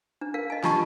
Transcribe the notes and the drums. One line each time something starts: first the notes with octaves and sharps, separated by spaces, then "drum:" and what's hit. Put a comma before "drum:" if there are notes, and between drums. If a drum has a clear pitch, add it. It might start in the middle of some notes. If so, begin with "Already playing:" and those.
D4
A#4 F5
D#5 G#5
D4 F4 G4 D#5 A5 C#6, drum: snare